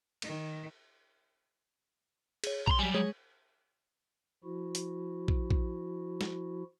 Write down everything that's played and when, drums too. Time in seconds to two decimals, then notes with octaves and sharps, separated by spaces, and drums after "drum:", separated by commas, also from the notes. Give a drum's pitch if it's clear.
0.22 D#3, drum: cymbal
2.44 G#4 C#5, drum: cymbal
2.67 A#5 C6 F7, drum: kick
2.79 F#3 G3 G#5 B6
2.94 G#3 G#4 C#5
4.44 F3 E4 F#4
4.75 drum: hi-hat
5.28 drum: kick
5.51 drum: kick
6.21 drum: snare